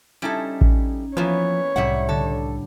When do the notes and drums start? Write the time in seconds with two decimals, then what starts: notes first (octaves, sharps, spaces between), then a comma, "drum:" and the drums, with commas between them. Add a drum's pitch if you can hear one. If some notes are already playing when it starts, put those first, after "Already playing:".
0.22 G3 C#4 D#4 E4 A4
0.61 drum: kick A1
1.17 E3 F3 A#3 B3 C#5
1.76 C2 F#2 A2 G3 E5 F#5
2.09 D3 A4